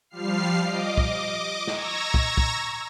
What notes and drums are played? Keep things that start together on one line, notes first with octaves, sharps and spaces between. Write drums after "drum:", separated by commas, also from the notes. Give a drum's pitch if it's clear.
F3 G3 F5 F6 C7
D#5 D6
drum: kick
A#5 C#6 E6 G#6 A#6, drum: snare
drum: kick
drum: kick